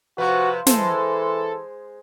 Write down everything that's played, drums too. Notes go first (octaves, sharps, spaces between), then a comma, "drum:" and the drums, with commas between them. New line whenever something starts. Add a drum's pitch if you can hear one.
C3 F3 F#4 B4
E3 G#3 A4 C5, drum: snare